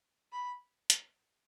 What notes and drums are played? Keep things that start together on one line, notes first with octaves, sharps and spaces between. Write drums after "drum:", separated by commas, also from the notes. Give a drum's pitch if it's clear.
B5
drum: hi-hat